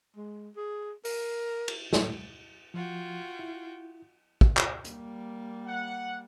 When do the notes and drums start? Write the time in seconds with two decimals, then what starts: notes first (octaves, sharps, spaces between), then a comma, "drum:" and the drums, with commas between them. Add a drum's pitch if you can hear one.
0.16 G#3
0.56 G#4
1.05 A#4, drum: open hi-hat
1.68 drum: cymbal
1.93 A2, drum: snare
2.74 F3 F4 F#4 G5
3.39 E4
4.41 drum: kick
4.57 drum: clap
4.85 G3 A#3, drum: hi-hat
5.67 F#5